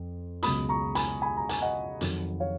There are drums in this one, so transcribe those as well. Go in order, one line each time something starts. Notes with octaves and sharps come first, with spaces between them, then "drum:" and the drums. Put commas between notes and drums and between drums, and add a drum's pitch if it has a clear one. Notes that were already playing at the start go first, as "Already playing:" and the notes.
Already playing: F2
C#2 B2 F#3 B5 D#6, drum: hi-hat
A#5 C#6
G#5 B5, drum: hi-hat
G#5 B5
A#5
G#5, drum: hi-hat
D#5 F#5
F2 D#3 F#3, drum: hi-hat
C#5 F5